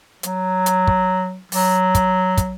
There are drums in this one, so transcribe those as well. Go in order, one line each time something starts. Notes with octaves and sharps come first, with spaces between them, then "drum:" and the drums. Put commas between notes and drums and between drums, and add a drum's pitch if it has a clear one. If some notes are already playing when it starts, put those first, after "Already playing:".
F#3, drum: hi-hat
drum: hi-hat
drum: kick
F#3, drum: open hi-hat
drum: kick, hi-hat
drum: kick, hi-hat